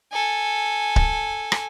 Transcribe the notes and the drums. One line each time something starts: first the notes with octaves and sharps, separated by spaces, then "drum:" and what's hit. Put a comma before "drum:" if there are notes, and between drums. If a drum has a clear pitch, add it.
A4 G#5
drum: kick D1
drum: rim click